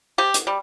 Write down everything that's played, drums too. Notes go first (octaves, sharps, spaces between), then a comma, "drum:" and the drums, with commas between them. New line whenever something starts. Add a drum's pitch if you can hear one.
C3 G4
drum: hi-hat
G3